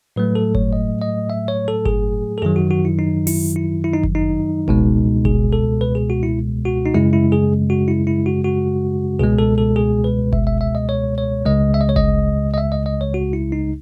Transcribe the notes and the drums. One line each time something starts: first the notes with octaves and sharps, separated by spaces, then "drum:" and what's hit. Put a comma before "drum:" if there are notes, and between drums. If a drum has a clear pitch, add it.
A2 F#3 A3 B4
A4
C#5, drum: kick G1
D#5
D#5
E5
C#5
A4
G#4, drum: kick G1
A4
F#2 D#3 F#3 G#4
F#4
F#4
E4
D#4
E4, drum: open hi-hat
E4
E4
D#4
drum: kick G1
D#4
C#2 B2 G#3, drum: kick G1
G#4, drum: kick G1
A4
B4
G#4
F#4
E4
F#4
D#4
F#2 C#3 G#3 E4
E4
G#4
F#4
E4
E4
F#4
F#4
C#2 B2 G#3 G#4
A4
A4
G#4
B4
E5, drum: kick G1
E5
E5
D#5
C#5
C#5
C#2 C#3 G#3 D#5
E5
D#5
C#5
D#5, drum: kick G1
D#5
E5
D#5
D#5
C#5
F#4
E4
D#4